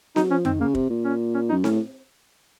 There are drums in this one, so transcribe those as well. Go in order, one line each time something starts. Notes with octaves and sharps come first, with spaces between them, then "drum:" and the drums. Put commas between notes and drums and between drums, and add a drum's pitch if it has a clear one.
F#3 D#4, drum: snare C4
F3 C#4
D#3 C4, drum: tom F2
C#3 A#3
C3, drum: kick
A#2
C#4
C#4
D#4
F#2
A2 C#4, drum: snare C4